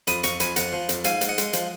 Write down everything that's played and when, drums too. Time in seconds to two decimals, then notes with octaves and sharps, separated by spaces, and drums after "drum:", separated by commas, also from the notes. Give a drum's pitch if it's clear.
0.07 F2 B5 D#6, drum: hi-hat
0.23 F2 A#5 C#6, drum: hi-hat
0.40 F2 G#5 B5, drum: hi-hat
0.56 F2 F#5 A#5, drum: hi-hat
0.72 F3
0.89 F2, drum: hi-hat
1.04 G#2 F5 G#5, drum: hi-hat
1.21 G#2, drum: hi-hat
1.29 D#5 F#5
1.38 G#3, drum: hi-hat
1.53 F3, drum: hi-hat